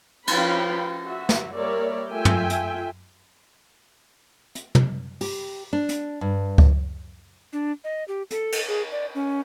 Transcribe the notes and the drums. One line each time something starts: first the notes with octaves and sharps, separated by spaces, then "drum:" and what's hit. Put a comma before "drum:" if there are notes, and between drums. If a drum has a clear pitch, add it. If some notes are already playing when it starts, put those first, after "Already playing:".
F3 C#4 B4 F5 G5 B5, drum: cymbal
F#4 E5
drum: snare
G3 A#3 A#4 C#5 D5 E5
A3 F4 E5 G5 G#5
drum: tom
drum: hi-hat
drum: hi-hat
drum: tom
G4, drum: open hi-hat
D4
drum: hi-hat
G2
drum: kick C#2
D4
D#5
G4
A4, drum: hi-hat
drum: cymbal
G#4
D5
C#4